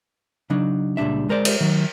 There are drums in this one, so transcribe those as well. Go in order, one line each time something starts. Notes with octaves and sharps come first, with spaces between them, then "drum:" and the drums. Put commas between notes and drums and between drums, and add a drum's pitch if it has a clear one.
C#3 F#3 D4 D#4
C#2 A#2 G3 D4 E5
G#3 A#4 C5 D5
drum: cymbal
D#3 F#3